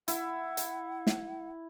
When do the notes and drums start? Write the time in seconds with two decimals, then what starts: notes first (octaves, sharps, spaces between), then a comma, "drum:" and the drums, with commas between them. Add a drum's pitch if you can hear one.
0.08 E4 F#5, drum: hi-hat
0.57 drum: hi-hat
1.07 drum: snare